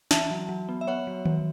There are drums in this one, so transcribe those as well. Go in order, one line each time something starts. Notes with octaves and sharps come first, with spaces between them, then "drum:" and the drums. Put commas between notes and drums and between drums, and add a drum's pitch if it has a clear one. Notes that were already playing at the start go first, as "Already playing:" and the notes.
E3 E5 A5, drum: snare
F#3
F#3
B3
E5
B3 C#5 F#5
F#3
F#3, drum: tom D#3